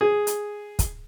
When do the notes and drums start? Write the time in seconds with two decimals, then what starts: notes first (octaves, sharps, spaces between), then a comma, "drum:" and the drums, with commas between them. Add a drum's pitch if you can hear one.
0.01 G#4
0.27 drum: hi-hat
0.79 drum: kick, hi-hat